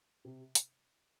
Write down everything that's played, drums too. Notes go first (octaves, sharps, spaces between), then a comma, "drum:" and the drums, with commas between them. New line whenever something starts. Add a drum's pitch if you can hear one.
C3
drum: hi-hat